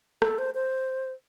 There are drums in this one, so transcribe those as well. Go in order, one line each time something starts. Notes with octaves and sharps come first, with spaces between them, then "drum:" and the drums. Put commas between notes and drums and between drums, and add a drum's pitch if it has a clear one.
A4, drum: rim click
C5
C5